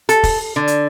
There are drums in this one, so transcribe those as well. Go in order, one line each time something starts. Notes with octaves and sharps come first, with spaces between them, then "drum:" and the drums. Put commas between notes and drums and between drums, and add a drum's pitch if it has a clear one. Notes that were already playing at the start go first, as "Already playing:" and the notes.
A4, drum: hi-hat
drum: kick, open hi-hat
D3
drum: hi-hat